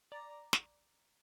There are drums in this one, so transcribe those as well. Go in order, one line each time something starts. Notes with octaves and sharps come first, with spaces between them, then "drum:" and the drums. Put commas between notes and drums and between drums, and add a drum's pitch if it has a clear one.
D5 A#5
drum: snare